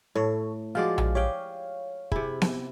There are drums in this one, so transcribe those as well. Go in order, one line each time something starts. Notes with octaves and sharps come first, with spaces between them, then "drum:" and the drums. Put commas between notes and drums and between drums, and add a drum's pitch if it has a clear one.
A2 A4 C#5
F3 G#3 F#4 G#4 D5 F5
drum: tom A#1
G4 G#4 C#5 F5 G5
C3 E4 G#4, drum: kick
drum: snare B3